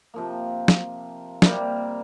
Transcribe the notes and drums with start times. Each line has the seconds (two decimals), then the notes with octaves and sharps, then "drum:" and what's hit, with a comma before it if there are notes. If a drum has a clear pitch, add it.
0.14 C3 F3 A#3
0.68 drum: snare
1.42 C3 G3 A#3, drum: snare